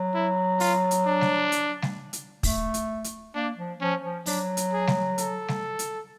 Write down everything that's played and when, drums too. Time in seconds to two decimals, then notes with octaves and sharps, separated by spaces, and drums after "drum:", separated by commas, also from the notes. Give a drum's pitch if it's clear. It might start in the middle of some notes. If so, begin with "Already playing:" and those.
Already playing: F#3
0.14 E4
0.60 F4, drum: open hi-hat
0.91 drum: hi-hat
1.06 D4
1.21 drum: snare G3
1.52 drum: hi-hat
1.82 drum: snare G3
2.13 drum: hi-hat
2.43 A3, drum: kick, open hi-hat
2.74 drum: hi-hat
3.04 drum: hi-hat
3.35 A#3 D4
3.58 F3
3.80 F3 C#4
4.04 F3
4.26 F#3 D4, drum: open hi-hat
4.57 drum: hi-hat
4.73 G#4
4.87 drum: snare G3
5.18 A4, drum: hi-hat
5.48 drum: snare G3
5.79 drum: hi-hat